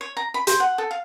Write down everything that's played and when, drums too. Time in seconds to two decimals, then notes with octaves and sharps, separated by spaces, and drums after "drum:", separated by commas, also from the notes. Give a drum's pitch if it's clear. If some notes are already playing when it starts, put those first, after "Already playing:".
0.01 C#5
0.17 A#5
0.34 B5
0.47 C5, drum: hi-hat
0.60 F#5
0.78 A4
0.91 F5